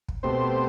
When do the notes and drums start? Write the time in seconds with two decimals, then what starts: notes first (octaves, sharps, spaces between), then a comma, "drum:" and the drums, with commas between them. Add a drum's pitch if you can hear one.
0.08 drum: kick
0.23 B2 A3 C4 G4 C5